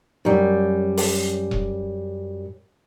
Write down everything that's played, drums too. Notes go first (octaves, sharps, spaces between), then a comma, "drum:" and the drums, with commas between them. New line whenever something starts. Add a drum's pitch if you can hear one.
F#2 G3
drum: open hi-hat
drum: kick E1